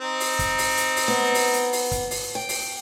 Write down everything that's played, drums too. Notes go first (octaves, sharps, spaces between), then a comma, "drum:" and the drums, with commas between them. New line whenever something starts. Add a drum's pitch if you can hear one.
C4 D#4
drum: open hi-hat
drum: kick, hi-hat
drum: open hi-hat
drum: hi-hat
drum: open hi-hat
B3
drum: open hi-hat
drum: hi-hat
drum: open hi-hat
drum: kick, hi-hat
drum: open hi-hat
G5
drum: open hi-hat